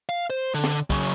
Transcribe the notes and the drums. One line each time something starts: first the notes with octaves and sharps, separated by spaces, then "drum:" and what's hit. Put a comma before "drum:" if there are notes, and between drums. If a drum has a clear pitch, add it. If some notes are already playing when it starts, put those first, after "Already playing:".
F5
C5
D3
drum: snare
drum: hi-hat
C#3 F#3, drum: kick